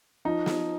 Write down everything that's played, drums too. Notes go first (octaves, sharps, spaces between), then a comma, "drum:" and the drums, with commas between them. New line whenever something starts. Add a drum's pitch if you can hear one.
F3 D#4
drum: snare